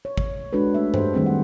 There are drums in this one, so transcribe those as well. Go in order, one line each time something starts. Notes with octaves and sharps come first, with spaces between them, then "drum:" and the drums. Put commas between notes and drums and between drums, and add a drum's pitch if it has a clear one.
C#5
drum: kick
G#3 D4 F#4 A4 B4
A3 E5
G4 A4 C5, drum: tom G2
D#3 G3 A3 C4 G#4
F#5